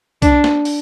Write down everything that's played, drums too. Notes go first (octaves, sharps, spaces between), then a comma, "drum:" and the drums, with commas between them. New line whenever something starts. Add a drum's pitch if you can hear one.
D4, drum: kick C2, hi-hat
drum: snare
drum: open hi-hat